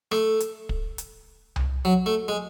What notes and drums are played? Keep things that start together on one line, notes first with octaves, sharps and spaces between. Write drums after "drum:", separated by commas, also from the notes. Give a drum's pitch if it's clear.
A3, drum: rim click
drum: hi-hat
drum: kick
drum: hi-hat
drum: tom C2
F#3
A3
G#3